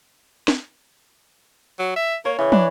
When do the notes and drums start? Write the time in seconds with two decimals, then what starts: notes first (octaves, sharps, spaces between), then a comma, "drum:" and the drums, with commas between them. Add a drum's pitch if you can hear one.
0.48 drum: snare
1.79 F#3
1.96 E5
2.25 A#3 C#5
2.39 C#3 E3
2.52 D4 B4, drum: tom